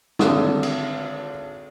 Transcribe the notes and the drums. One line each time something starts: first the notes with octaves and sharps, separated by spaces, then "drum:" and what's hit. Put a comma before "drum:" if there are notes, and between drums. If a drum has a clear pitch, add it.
G#1 D3 D#6, drum: snare
drum: cymbal